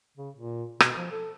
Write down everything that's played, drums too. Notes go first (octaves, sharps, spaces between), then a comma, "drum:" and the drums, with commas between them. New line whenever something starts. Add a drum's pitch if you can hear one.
C#3
A#2
B2, drum: rim click
F3
A4